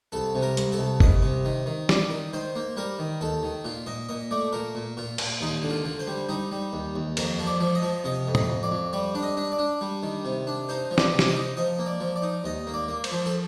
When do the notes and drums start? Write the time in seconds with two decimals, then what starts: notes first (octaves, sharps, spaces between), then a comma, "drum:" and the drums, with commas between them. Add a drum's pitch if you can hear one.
0.12 C2 A4
0.35 C3
0.42 A#4
0.57 C2, drum: hi-hat
0.72 A4
0.79 C2
1.00 C2 D#5, drum: kick G1
1.23 C3
1.45 D#3
1.66 D#3
1.89 G3 D5, drum: snare
2.10 D#3
2.33 D#3 C5
2.56 A#3
2.77 G3 A#4
2.99 D#3
3.21 D#2 A4
3.43 D#3
3.64 A#2 F4
3.86 A#2 D#5
4.09 A#2 D#5
4.31 A3 D5
4.53 A#2 A#4
4.75 A#2
4.97 A#2 F4
5.18 A#2, drum: cymbal
5.41 D#2 D#4
5.63 D3
5.70 F4
5.85 D3
5.99 C5
6.07 G3
6.29 G3 D#4
6.52 G3
6.73 D#2
6.96 D#2
7.17 F2 A#4, drum: cymbal
7.40 F3
7.47 D5
7.60 F3
7.75 D#5
7.82 F3
8.04 C3 D#5
8.27 F2
8.35 D#5, drum: tom A2
8.49 F2
8.63 D5
8.71 F2
8.93 G3 D5
9.15 D4
9.23 D#5
9.37 D4
9.52 D5
9.59 D4
9.81 G3
10.03 D#3
10.25 C3
10.47 D4
10.69 D#4 C5
10.91 F3
10.98 D5, drum: snare
11.13 C3
11.19 D5, drum: snare
11.28 D#5
11.36 D#4
11.57 F3 D#5
11.79 A#3
11.86 D5
12.00 F3
12.16 D5
12.22 D#4
12.44 D#2 D#5
12.67 A#3
12.74 D5
12.88 A#3
13.04 C5, drum: cymbal
13.12 F3
13.26 A4